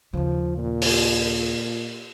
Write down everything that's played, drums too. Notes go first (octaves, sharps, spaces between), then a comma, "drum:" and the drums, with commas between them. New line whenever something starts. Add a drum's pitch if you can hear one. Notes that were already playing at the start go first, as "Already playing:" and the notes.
D#2 C#3 F3
A#2
drum: open hi-hat